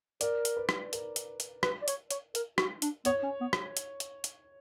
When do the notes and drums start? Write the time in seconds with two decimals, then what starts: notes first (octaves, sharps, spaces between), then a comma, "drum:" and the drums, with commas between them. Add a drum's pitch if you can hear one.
0.21 A#4 D5, drum: hi-hat
0.45 drum: hi-hat
0.57 B4
0.69 drum: rim click
0.93 A#4, drum: hi-hat
1.16 drum: hi-hat
1.40 drum: hi-hat
1.63 B4, drum: rim click
1.82 D5
1.88 C#5, drum: hi-hat
2.10 C#5, drum: hi-hat
2.35 A#4, drum: hi-hat
2.58 F#4, drum: rim click
2.82 D4, drum: hi-hat
3.05 B3 C#5, drum: hi-hat
3.23 C#4
3.41 B3
3.53 drum: rim click
3.77 drum: hi-hat
4.00 drum: hi-hat
4.24 drum: hi-hat